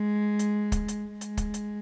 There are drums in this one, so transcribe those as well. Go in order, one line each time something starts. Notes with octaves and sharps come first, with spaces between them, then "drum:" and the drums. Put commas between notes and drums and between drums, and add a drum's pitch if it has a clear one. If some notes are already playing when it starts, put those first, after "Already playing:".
Already playing: G#3
drum: hi-hat
drum: kick, hi-hat
drum: hi-hat
G#3
drum: hi-hat
drum: kick, hi-hat
drum: hi-hat